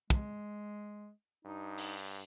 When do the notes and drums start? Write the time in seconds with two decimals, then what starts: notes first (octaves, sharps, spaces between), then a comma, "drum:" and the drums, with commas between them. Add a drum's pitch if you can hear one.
0.10 G#3, drum: kick
1.45 G2 D#4
1.78 drum: open hi-hat